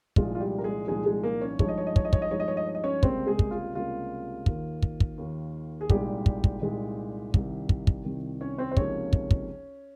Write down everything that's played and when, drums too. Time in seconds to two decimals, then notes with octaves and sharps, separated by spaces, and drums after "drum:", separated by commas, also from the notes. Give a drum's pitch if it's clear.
0.16 C2 A#2 F3 G#3 D#4 F4, drum: kick
0.35 F4
0.40 G3 G4
0.58 A#4
0.64 G#3 G#4
0.88 C2 A#2 F3 G#3 D#4 G#4
1.06 G#3 G#4
1.23 A#3 A#4
1.41 C#4 C#5
1.59 G2 F3 G#3 D#4 C#5, drum: kick
1.68 D#5
1.78 C#5
1.87 D#5
1.96 C#5, drum: kick
2.05 D#5
2.13 C#5, drum: kick
2.22 D#5
2.31 G2 F3 G#3 D#4 C#5
2.40 D#5
2.48 C#5
2.57 D#5
2.66 C#5
2.75 D#5
2.84 C#4 C#5
3.03 C#2 C3 G3 A#3 C4 C5, drum: kick
3.27 G#3 G#4
3.39 drum: kick
3.51 F4
3.75 C#2 C3 G3 A#3 F4
4.46 D#2 D#3 A#3, drum: kick
4.82 drum: kick
5.00 drum: kick
5.18 D#2 D#3 A#3
5.81 G#4
5.90 C2 A#2 G3 G#3 D#4 G4, drum: kick
6.26 drum: kick
6.44 drum: kick
6.62 C2 A#2 G#3 D#4
7.34 C2 C3 D#3, drum: kick
7.69 drum: kick
7.87 drum: kick
8.05 C2 C3 D#3
8.41 C#4 C#5
8.58 C4 C5
8.72 C5
8.77 C#2 C3 F3 A#3 C#4 D#4 C#5, drum: kick
9.13 drum: kick
9.31 drum: kick